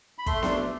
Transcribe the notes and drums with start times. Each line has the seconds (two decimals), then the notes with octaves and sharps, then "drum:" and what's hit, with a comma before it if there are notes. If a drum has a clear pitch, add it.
0.18 B5
0.26 A3 C6, drum: kick, hi-hat
0.43 D4 C6, drum: snare B3
0.57 A3